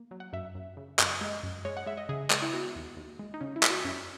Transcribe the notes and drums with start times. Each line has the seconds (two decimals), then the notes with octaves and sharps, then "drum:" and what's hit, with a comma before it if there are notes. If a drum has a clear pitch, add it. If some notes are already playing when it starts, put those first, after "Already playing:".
Already playing: A#3
0.11 F#3
0.20 F#5
0.33 F#2 E5
0.55 F#2
0.77 C#3
0.99 F#2, drum: clap
1.21 G#3 D#5
1.43 F#2
1.65 G#3 C#5
1.77 F#5
1.86 G#3 E5
1.97 D#5
2.09 C#3 G#4
2.30 G#3, drum: clap
2.42 E4
2.53 B3 F#4
2.76 D#2
2.97 D#2
3.19 G#3
3.34 D#4
3.41 C#3 C#4
3.56 E4
3.63 G#3, drum: clap
3.70 F#4
3.84 F#2 C#4